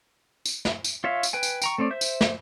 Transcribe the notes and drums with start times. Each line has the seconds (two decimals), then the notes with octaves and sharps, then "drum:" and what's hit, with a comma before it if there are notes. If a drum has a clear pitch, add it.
0.46 drum: tambourine
0.65 drum: snare
0.84 drum: tambourine
1.04 F4 C#5 E5 F5
1.23 drum: tambourine
1.33 B4 G5 G#5
1.43 drum: tambourine
1.62 G5 A#5 C#6, drum: tambourine
1.78 A3 C4 C#5 D5
1.90 C5 E5 G6
2.01 drum: tambourine
2.21 drum: snare